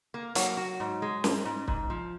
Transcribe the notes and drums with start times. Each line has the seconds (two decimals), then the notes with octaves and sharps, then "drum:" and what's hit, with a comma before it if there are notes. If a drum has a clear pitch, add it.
0.14 A#3
0.35 F#3 A#3, drum: hi-hat
0.57 F#4
0.80 G#2
1.02 G#3
1.24 G#2, drum: snare
1.45 G#2
1.68 G#2, drum: kick
1.90 F3